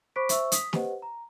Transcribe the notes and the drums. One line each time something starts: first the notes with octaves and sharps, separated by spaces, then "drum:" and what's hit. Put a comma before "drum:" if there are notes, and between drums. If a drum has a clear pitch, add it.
C5 B5 C#6 D6 B6 D7
C5 E5 C#6 E6, drum: hi-hat
D#6 B6, drum: hi-hat
G4 B4 C5 D#5 F#5, drum: snare
A#5